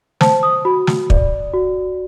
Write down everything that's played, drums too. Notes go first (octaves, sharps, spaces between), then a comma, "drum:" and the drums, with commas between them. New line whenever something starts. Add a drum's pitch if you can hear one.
C5 A5, drum: snare
D#6
F#4 B5
drum: snare
D5, drum: kick
F#4